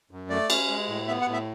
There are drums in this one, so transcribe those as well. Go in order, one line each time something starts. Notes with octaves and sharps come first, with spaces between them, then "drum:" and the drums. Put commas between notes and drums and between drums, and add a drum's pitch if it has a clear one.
F#2
A3 D5
C#4, drum: cymbal
G#3
A2
B3 E5
F#5
A2
E5